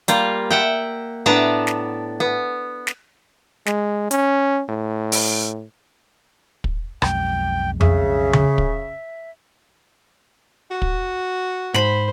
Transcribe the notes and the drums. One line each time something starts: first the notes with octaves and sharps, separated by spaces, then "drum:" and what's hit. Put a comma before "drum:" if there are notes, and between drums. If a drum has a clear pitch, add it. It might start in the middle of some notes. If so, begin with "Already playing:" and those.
G3 A#3 F4, drum: hi-hat
E5 F#5 G5
A2 B3 D4 B4 A5 A#5
drum: snare
B3
drum: snare
G#3, drum: snare
C#4, drum: hi-hat
A2
drum: open hi-hat
drum: kick
B1 F2 G#3 G5, drum: rim click
C#3 E5, drum: tom F2
drum: tom C#3
drum: kick
F#4
drum: kick
G#2 C5 B5, drum: snare